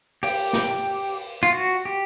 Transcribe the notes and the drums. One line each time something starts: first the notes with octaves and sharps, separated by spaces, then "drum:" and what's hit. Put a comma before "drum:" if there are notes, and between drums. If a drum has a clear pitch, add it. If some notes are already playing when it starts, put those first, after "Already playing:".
G4, drum: open hi-hat
drum: snare
F4
F#4
G4